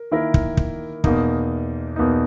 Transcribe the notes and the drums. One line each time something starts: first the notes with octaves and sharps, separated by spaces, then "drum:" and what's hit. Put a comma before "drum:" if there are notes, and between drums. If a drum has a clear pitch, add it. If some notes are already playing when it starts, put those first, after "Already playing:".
Already playing: A#4
D#3 A#3 E4 A#4
drum: kick
drum: kick
E2 B2 A#3 D#4, drum: kick
E2 B2 A#3 D#4